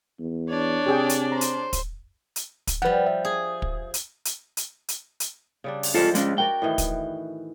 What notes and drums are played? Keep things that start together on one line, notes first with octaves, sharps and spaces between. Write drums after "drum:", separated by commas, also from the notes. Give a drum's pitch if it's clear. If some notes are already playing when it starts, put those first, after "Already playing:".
E2
D4 C#5 D5
C3 G4 G#4 G5
drum: hi-hat
C5 A#5
drum: hi-hat
drum: kick, hi-hat
drum: hi-hat
drum: kick, hi-hat
F3 G3 B4 F#5
E5
G#4
drum: kick
drum: hi-hat
drum: hi-hat
drum: hi-hat
drum: hi-hat
drum: hi-hat
C#3 G3 D4
drum: open hi-hat
F3 G3 G#3 F4 A4
G#3 C#4 D5, drum: hi-hat
F#4 A#4 D5 G5
A2 D#3 E3
drum: kick, hi-hat